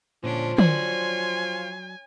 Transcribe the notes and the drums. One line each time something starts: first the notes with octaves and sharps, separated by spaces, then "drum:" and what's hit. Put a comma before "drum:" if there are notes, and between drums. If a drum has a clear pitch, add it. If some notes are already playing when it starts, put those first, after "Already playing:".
A#2 D3 F3 C#4 D4
F#3 C#5 D5 G#5 C6, drum: tom